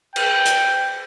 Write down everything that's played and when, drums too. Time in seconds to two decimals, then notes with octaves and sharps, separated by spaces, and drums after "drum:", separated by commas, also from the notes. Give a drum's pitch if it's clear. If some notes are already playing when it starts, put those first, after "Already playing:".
0.16 G5, drum: cymbal
0.46 drum: hi-hat